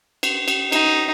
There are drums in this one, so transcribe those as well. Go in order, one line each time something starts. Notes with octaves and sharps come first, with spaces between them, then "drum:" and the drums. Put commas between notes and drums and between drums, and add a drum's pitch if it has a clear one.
drum: cymbal
drum: cymbal
D#4, drum: cymbal